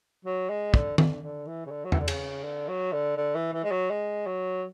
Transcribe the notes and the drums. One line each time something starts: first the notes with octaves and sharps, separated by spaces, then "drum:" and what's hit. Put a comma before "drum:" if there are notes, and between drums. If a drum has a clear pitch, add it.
F#3
G#3
D3, drum: kick
D3, drum: tom D#3
D3
E3
C#3
D3
F#3
E3, drum: tom E2
D3
C#3, drum: cymbal
D3
F#3
D3
D3
E3
E3
G#3
F#3
G#3
F#3